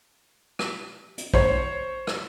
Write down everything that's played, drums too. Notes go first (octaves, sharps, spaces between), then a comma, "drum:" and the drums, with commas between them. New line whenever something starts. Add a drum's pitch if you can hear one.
drum: rim click
drum: hi-hat
C5 C#5, drum: kick
drum: rim click